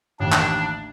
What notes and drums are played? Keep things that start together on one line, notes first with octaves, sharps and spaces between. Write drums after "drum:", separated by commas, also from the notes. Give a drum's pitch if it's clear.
A1 D#2 D4
drum: clap